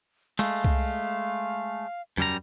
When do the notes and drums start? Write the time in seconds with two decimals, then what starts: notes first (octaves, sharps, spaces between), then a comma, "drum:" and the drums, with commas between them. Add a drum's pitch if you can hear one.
0.39 G#3 A3 F5, drum: tom
0.65 drum: kick C2
2.17 F#2 G3 A#5, drum: tom E2